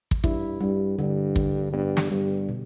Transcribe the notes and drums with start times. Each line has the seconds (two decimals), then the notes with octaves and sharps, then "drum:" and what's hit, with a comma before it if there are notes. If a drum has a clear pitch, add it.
0.11 drum: kick
0.24 G2 E4, drum: kick
0.61 G2 G3
0.98 G2 D3
1.36 D3, drum: kick
1.73 G2 B3
1.97 drum: snare
2.10 G2 G3
2.49 B2